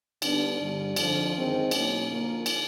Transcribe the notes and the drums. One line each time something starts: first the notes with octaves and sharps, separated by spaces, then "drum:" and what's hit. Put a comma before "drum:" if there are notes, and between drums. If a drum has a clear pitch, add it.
D3 G3 B3 D4, drum: cymbal
G2 D3 G3
F2 D3 F3, drum: cymbal
F#2 D#3 G#3 C4
B2 F#3 A#3 C#4, drum: cymbal
F2 D3 F3 A#3
drum: cymbal